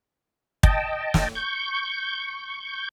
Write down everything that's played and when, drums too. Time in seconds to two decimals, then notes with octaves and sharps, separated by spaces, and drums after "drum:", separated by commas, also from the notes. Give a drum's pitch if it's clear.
0.63 D#5 G5 A5, drum: kick
1.14 drum: snare
1.35 C#6 G6